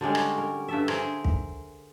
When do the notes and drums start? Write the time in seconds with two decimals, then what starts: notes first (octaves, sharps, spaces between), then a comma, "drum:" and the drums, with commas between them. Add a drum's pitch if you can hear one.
0.01 D3 G3 G#3 C#4
0.15 drum: rim click
0.38 A#4
0.68 G2 A4 E5
0.88 G#4 A#4 C5, drum: rim click
1.25 drum: kick